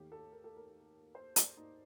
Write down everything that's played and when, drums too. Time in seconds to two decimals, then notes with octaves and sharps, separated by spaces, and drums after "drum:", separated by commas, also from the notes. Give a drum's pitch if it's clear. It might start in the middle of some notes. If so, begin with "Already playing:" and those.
Already playing: D#2 D#3 A3 G4
0.12 A4
0.32 A#4
0.44 A4
0.57 A#4
1.15 C5
1.36 D5, drum: hi-hat
1.57 D#4